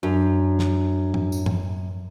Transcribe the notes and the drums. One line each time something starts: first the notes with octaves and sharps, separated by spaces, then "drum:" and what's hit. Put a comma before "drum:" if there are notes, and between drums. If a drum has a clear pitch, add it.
F#2 D4 F#4
drum: snare
drum: tom
drum: tambourine
drum: tom